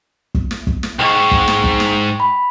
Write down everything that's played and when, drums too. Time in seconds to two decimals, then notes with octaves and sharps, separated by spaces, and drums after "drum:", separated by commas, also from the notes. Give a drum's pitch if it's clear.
0.35 drum: kick
0.51 drum: snare
0.67 drum: kick
0.83 drum: snare
0.99 B1 G#2 G5 C#6
1.31 drum: kick
1.48 drum: snare
1.64 drum: kick
1.80 drum: snare
2.20 B5